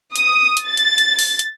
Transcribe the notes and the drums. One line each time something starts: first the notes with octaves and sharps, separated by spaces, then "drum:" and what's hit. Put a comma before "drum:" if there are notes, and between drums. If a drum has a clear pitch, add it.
D#6, drum: hi-hat
drum: hi-hat
A6
drum: hi-hat
drum: hi-hat
drum: open hi-hat
drum: hi-hat